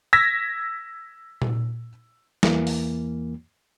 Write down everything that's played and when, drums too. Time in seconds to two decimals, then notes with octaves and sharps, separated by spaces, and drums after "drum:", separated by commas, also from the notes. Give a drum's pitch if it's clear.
0.13 E6 G#6 A#6 B6
1.42 drum: tom A#2
2.43 E2 E3 A#3, drum: snare
2.67 drum: open hi-hat